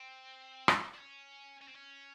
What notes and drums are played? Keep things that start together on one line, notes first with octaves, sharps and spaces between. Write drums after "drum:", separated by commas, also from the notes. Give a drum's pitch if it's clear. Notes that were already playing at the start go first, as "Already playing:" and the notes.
Already playing: C4
drum: rim click
D4
C#4
C#4
C4
C#4